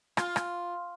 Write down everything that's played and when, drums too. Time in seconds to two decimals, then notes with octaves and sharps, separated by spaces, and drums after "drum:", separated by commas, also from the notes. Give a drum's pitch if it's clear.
0.17 F4, drum: rim click
0.36 drum: rim click